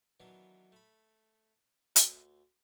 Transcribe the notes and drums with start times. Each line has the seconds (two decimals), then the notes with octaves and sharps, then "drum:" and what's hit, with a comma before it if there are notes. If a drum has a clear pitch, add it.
0.20 D#3 E3 F#3 B3 C#4 D4
0.72 A3 B5
1.96 D2, drum: hi-hat